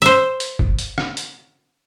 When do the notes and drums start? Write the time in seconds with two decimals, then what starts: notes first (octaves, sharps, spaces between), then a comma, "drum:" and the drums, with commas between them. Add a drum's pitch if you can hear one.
0.02 C5 E5, drum: hi-hat
0.40 drum: hi-hat
0.59 drum: kick G#1
0.79 drum: hi-hat
0.98 drum: rim click
1.17 drum: hi-hat